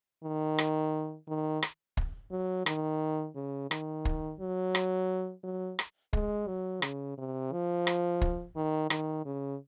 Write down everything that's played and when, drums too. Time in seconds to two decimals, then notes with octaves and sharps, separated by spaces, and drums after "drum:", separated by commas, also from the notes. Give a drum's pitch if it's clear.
0.24 D#3
0.58 drum: rim click
1.28 D#3
1.62 drum: rim click
1.97 drum: kick
2.32 F#3
2.66 D#3, drum: rim click
3.36 C#3
3.71 D#3, drum: rim click
4.05 drum: kick
4.40 F#3
4.75 drum: rim click
5.44 F#3
5.79 drum: rim click
6.13 G#3, drum: kick
6.48 F#3
6.82 C#3, drum: rim click
7.18 C3
7.52 F3
7.87 drum: rim click
8.21 drum: kick
8.56 D#3
8.90 D#3, drum: rim click
9.25 C#3